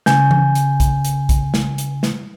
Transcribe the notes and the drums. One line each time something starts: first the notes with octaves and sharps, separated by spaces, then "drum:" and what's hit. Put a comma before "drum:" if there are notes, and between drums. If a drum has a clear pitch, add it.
C#3 G#5 G6, drum: snare
drum: tom E3
drum: hi-hat
drum: kick B1, hi-hat
drum: hi-hat
drum: kick B1, hi-hat
drum: snare
drum: hi-hat
drum: snare